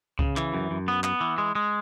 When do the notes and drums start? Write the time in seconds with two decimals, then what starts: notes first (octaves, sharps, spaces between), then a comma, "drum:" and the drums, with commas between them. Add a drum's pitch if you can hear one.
0.19 C#3, drum: kick C2
0.37 E3, drum: clap
0.54 F#2
0.71 F#2
0.88 B3
1.04 B3, drum: clap
1.21 E3
1.38 G#3
1.55 G#3